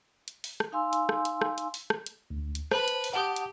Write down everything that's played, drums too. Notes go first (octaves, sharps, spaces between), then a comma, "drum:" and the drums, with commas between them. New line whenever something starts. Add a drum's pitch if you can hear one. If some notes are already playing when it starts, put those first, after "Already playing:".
drum: hi-hat
drum: open hi-hat
drum: rim click
D#4 F5 G#5 C6 E6
drum: hi-hat
drum: rim click
drum: hi-hat
drum: rim click
drum: hi-hat
drum: open hi-hat
drum: rim click
drum: hi-hat
D2
drum: hi-hat
B4 C5 A5, drum: rim click
drum: hi-hat
drum: open hi-hat
G4 F#5 A5 D#6
drum: hi-hat